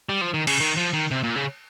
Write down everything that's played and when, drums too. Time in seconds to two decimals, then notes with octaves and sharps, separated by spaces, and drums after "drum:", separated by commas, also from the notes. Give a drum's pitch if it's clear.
0.09 G3
0.21 F3
0.34 D#3
0.47 C#3, drum: cymbal
0.60 D#3
0.77 F3
0.93 D#3
1.11 C3
1.24 A#2
1.36 C#3